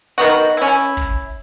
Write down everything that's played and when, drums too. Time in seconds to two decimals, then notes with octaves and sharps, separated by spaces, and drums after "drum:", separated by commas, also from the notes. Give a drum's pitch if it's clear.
0.18 D#3 B3 F#4
0.57 C#4 E4
0.97 drum: kick